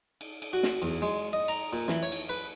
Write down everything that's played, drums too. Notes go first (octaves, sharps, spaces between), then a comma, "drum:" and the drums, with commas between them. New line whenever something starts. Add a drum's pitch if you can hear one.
drum: cymbal
drum: cymbal
F#4
drum: snare
E2, drum: cymbal
G#3
D#5
A#5, drum: cymbal
A#2
E3, drum: snare
C#5
drum: cymbal
B4